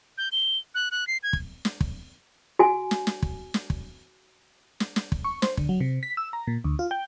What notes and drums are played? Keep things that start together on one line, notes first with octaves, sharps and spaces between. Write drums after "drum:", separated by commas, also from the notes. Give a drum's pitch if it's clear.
G6
G7
F#6
F#6
C7
G#6
drum: kick
drum: snare
drum: kick
F#4 G#5
drum: snare
drum: snare
drum: kick
drum: snare
drum: kick
drum: snare
drum: snare
drum: kick
C#6
C5, drum: snare
D3, drum: kick
F#3
C3
B6
E6
A#5
A#2
D2
F4
G5